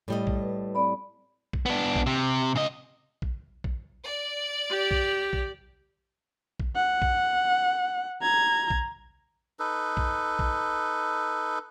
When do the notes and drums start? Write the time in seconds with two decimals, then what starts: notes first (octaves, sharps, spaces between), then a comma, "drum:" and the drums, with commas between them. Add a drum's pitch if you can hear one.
0.08 A2 G3 D#5
0.27 drum: kick A#1
0.41 B4
0.75 C4 D5 B5
1.53 drum: kick A#1
1.66 B3 D4
1.96 drum: kick A#1
2.06 C3
2.56 C#3 D#5
3.22 drum: kick A#1
3.64 drum: kick A#1
4.06 D5
4.70 G4
4.91 drum: kick A#1
5.33 drum: kick A#1
6.60 drum: kick A#1
6.76 F#5
7.02 drum: kick A#1
8.22 A#5 G#6
8.70 drum: kick A#1
9.59 D#4 A4 B4
9.97 drum: kick A#1
10.39 drum: kick A#1